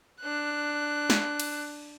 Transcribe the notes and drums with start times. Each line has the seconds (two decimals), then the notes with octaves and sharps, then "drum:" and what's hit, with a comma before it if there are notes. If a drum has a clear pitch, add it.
0.21 D4 F#6
1.10 drum: snare
1.40 drum: cymbal